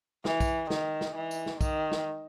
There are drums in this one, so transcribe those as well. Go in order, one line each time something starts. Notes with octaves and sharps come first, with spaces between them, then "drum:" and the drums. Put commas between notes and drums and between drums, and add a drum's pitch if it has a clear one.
E3, drum: snare
drum: kick, tambourine
D#3, drum: snare
drum: snare
E3
drum: tambourine
drum: snare
D#3, drum: kick, tambourine
drum: snare